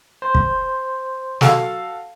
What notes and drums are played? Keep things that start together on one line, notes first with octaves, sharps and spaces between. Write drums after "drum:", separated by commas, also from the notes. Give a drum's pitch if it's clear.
C5
drum: kick
F#4 A4 F5, drum: snare